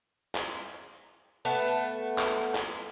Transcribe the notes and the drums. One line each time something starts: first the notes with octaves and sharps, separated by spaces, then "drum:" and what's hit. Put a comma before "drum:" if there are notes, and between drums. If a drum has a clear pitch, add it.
drum: clap
A3 B3 A5
drum: clap
drum: clap